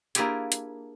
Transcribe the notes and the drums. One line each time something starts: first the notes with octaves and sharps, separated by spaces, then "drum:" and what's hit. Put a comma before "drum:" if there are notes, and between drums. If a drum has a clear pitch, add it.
A#3 D4 E4 F4 G4 G#4, drum: hi-hat
drum: hi-hat